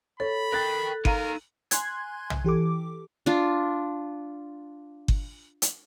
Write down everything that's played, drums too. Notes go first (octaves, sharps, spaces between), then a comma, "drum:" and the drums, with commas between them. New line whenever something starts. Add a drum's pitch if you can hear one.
A4 C#5 B5
A#4 G5 F#6 A6
D#4 A#4 F5 A#5 D#7, drum: kick G1
G#5 C6 F#6 G#6, drum: hi-hat
drum: tom B1
E3 G4 A4 D6
D4 F4
drum: kick G1
drum: hi-hat